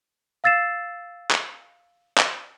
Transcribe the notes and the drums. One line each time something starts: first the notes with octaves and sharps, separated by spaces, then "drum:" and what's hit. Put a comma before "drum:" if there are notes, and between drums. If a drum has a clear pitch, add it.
F5 E6 A6 C7 E7
drum: clap
drum: clap